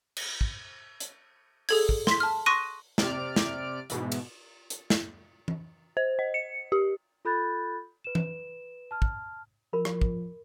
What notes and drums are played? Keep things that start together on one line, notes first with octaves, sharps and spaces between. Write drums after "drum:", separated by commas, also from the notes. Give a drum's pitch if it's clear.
drum: cymbal
drum: kick
drum: hi-hat
G#4 A4 G#6, drum: open hi-hat
drum: kick
C6 B6, drum: snare
A5 F6
C6 C#6 D#6 F#6 A#6 D#7
C3 D5 F6 D7, drum: snare
drum: snare
G#2 B2 E3, drum: hi-hat
drum: cymbal
drum: hi-hat
drum: snare
drum: tom E3
C5
D#5
C#7
G4
F4 A4 B5 F#6 G6 A6
B4 E7
drum: tom E3
A5 F6
drum: kick
F3 A#4 B5
drum: rim click
drum: kick